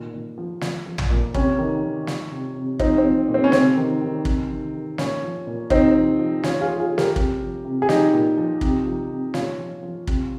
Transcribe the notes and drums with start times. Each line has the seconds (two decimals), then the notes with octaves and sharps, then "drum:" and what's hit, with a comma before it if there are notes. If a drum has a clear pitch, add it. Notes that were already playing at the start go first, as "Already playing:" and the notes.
Already playing: A#2 D#3
0.13 A#2
0.38 F3
0.61 F3, drum: snare
0.86 F3
0.98 drum: tom
1.10 A#2
1.34 C3 C#4, drum: kick
1.59 D#3
1.83 D#3
2.07 F3, drum: snare
2.31 C3
2.56 C3
2.79 F3 C4 D#4, drum: kick
2.98 C4
3.04 F3
3.28 A#2
3.34 C4
3.44 C#4
3.52 C3 C4, drum: snare
3.77 D#3
4.01 D#3
4.25 C3, drum: kick
4.50 D#3
4.74 D#3
4.98 A#2 C#4, drum: snare
5.22 F3
5.47 A#2
5.70 C3 C4 D#4, drum: kick
5.95 F3
6.19 F3
6.43 F3 C#4 F4, drum: snare
6.61 F4 G#4
6.67 F3
6.79 F4 G#4
6.92 F3
6.98 G4 A#4, drum: snare
7.16 C3, drum: kick
7.41 F3
7.64 C3
7.82 G#4
7.89 F3 D#4 G4, drum: snare
8.13 A#2
8.37 F3
8.61 C3, drum: kick
8.85 F3
9.10 C3
9.34 A#2 C#4 F4, drum: snare
9.58 F3
9.83 F3
10.07 C3, drum: kick